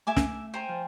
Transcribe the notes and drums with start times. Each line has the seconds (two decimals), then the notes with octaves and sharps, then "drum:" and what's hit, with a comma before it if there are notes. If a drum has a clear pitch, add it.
0.07 A3 E5 G#5 D6
0.17 drum: snare
0.54 C5 G5 G#5 A#5
0.68 F3